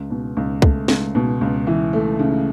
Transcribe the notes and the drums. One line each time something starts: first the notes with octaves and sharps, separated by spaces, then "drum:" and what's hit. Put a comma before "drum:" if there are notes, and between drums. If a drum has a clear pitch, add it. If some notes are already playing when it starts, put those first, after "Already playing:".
Already playing: C#2
B2
C#2
A3, drum: kick
C#2, drum: snare
B2
C#2
E3
A3
C#3